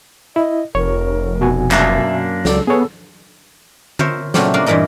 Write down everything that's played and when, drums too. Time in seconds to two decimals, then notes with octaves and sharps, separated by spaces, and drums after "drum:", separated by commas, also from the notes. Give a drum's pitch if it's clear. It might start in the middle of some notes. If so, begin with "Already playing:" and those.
0.36 E4 D#5
0.75 F1 A#4 C#5
1.41 B2 F#4 G#5
1.71 F#2 A#3 D4 E5, drum: clap
2.45 C#2 F#3 A4 D5, drum: snare
2.67 B3 G#4 A4 C#5
3.99 A#4 C5 C#5 E5, drum: tom D3
4.34 A#2 C#3 F#3 A3 A#3 C4, drum: snare
4.54 G#3 A#3 D4 F4 A#4
4.66 G2 A#2 E3 E4 A#4 D#5